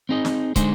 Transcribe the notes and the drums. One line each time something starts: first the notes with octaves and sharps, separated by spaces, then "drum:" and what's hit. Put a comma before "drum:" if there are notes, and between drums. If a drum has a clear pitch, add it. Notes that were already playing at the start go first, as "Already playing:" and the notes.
C4 D#4 G#4 D#5
drum: snare
D3 G#3 D#4 G#4 C5, drum: kick, hi-hat